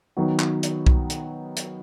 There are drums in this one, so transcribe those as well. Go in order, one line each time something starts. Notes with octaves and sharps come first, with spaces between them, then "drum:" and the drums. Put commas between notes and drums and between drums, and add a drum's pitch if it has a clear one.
D#3 F#3 B3 F#4
drum: clap
drum: hi-hat
drum: kick B1
drum: hi-hat
drum: hi-hat